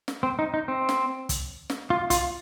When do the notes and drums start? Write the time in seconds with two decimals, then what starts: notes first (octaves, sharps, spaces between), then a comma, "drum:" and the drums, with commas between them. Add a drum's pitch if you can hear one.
0.08 drum: snare
0.23 C4
0.39 D#4
0.54 D#4
0.68 C4
0.89 drum: snare
1.29 drum: kick, hi-hat
1.70 drum: snare
1.90 F4
2.10 F4, drum: kick, hi-hat